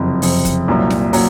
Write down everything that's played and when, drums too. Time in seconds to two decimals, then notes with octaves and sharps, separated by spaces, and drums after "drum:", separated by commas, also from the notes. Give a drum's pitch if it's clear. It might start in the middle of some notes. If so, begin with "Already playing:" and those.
Already playing: F#1 F2 C3
0.22 F#1 F2 C3, drum: open hi-hat
0.45 drum: kick, hi-hat
0.68 C2 A#2 F#3
0.90 drum: snare
1.13 A#2 F#3, drum: open hi-hat